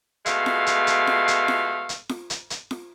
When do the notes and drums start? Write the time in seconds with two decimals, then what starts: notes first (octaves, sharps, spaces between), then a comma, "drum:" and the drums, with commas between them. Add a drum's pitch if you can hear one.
0.26 B2 G#3 A3 F5, drum: hi-hat
0.46 drum: snare F4
0.66 drum: hi-hat
0.87 drum: hi-hat
1.07 drum: snare F4
1.28 drum: hi-hat
1.48 drum: snare F4
1.89 drum: hi-hat
2.09 drum: snare F4
2.30 drum: hi-hat
2.50 drum: hi-hat
2.71 drum: snare F4